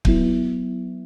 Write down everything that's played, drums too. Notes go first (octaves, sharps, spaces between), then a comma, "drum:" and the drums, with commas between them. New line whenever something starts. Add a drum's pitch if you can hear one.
F#3 B3 E4, drum: kick